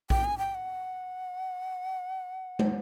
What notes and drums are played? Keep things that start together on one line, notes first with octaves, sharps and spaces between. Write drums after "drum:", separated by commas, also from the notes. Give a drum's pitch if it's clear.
G5, drum: kick A#1
G#5
G5
F#5
drum: tom